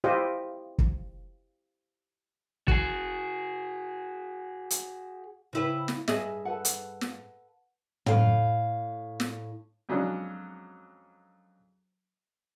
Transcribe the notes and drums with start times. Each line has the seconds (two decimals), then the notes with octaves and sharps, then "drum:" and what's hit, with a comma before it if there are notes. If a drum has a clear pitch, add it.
0.04 E4 F4 G4 C5 D#5
0.78 drum: kick
2.68 F#4 G#4, drum: kick
4.70 drum: hi-hat
5.53 C#3 E4 B4 C5 G5
5.88 drum: snare
6.08 G2 G#4 D#5 E5, drum: snare
6.45 A4 B4 F#5
6.65 drum: hi-hat
7.01 drum: snare
8.06 A2 F5, drum: tom
9.20 drum: snare
9.89 F2 F#3 G#3 C#4 D4